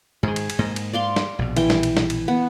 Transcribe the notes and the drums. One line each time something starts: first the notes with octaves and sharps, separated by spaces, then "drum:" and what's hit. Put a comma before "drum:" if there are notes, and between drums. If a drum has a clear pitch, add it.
G#2 D#3 G#4
drum: cymbal
drum: cymbal
G#2 A#3 D#5
drum: cymbal
D5 F5 C6
drum: snare
A#1 B2
E3 G5, drum: cymbal
drum: snare
drum: cymbal
drum: snare
drum: cymbal
B3